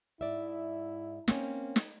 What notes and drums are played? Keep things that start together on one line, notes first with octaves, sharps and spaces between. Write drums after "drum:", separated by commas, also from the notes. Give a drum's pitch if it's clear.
G#2 E4 D5 E5
A#3 C4 C#4, drum: snare
drum: snare